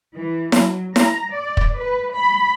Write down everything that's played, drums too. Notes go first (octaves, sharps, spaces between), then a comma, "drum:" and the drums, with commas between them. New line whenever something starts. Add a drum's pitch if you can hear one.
E3
F#3, drum: snare E4
A#5, drum: snare E4
D5
drum: kick
B4
B5